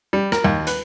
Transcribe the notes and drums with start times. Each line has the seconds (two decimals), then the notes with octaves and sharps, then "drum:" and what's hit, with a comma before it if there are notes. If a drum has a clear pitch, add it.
0.13 G3
0.32 A#4, drum: rim click
0.44 D#2
0.67 B4, drum: hi-hat